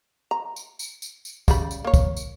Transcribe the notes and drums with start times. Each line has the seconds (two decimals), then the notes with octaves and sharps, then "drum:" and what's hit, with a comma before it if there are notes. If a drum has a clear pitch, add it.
0.31 A#5
0.56 drum: tambourine
0.79 drum: tambourine
1.02 drum: tambourine
1.25 drum: tambourine
1.48 C#3 G3 B5, drum: kick, tambourine
1.71 drum: tambourine
1.85 A#3 C#5
1.94 drum: kick, tambourine
2.17 drum: tambourine